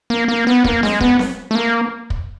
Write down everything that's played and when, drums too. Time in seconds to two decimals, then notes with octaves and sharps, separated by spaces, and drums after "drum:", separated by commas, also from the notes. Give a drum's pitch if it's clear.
0.10 A#3
0.28 A#3
0.47 B3
0.64 A#3, drum: kick
0.83 G#3, drum: snare C4
1.01 B3, drum: kick
1.19 drum: snare C4
1.51 A3
1.55 A#3
2.10 drum: kick